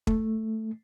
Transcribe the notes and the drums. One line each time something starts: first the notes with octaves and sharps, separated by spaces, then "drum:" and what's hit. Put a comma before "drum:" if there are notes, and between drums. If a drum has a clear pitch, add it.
A3, drum: kick